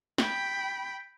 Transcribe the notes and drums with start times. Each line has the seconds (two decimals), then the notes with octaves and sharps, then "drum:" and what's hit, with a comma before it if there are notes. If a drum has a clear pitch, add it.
0.18 G5 B5, drum: snare